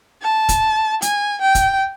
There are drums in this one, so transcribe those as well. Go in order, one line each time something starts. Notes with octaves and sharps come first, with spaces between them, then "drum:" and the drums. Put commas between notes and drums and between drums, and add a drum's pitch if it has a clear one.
A5
drum: kick, hi-hat
G#5, drum: hi-hat
G5
drum: kick, hi-hat